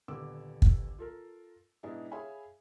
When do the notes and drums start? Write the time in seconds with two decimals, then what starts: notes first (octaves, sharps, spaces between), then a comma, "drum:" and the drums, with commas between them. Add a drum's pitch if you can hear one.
0.08 D#1 D3 B3 D6 E6
0.62 drum: kick
0.99 F4 A4 A#4
1.83 G#2 B2 G#3 B3 D4 E4
2.11 G#4 C#5 E5 F5 G#5 B5